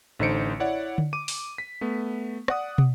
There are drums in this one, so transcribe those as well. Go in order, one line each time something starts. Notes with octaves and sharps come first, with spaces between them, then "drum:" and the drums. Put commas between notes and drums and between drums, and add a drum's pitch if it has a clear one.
A1 D3 D#4 C5 C#7 D7
E4 C#5 D5 F#5
drum: tom D3
D6 D#7
drum: open hi-hat
B6
A3 B3
D5 F#5 D#6, drum: rim click
drum: tom